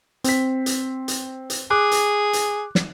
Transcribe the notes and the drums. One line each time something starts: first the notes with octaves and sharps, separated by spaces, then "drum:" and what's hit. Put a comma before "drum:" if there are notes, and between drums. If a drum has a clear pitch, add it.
C4 B6, drum: hi-hat
drum: hi-hat
drum: hi-hat
drum: hi-hat
G#4 D6 F#6
drum: hi-hat
drum: hi-hat
drum: snare